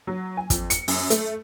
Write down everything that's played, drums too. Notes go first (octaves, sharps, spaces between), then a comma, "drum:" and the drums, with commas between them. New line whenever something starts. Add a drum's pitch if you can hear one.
F#3
G#5
F2, drum: kick, hi-hat
C#7, drum: hi-hat
F#2, drum: open hi-hat
A3, drum: hi-hat